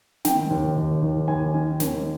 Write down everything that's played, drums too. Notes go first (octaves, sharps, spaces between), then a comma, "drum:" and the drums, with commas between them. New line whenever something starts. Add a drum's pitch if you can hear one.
D#3 G5, drum: snare
D#2
D#2
D#2
D#2 G#5
D#3
D#2, drum: snare